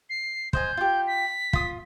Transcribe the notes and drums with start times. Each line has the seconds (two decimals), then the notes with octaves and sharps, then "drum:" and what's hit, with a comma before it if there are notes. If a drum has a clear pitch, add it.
0.10 C7
0.53 C5 D#5 G#5 G6, drum: kick
0.77 F4 G4
1.07 B6
1.53 F4 D#6, drum: kick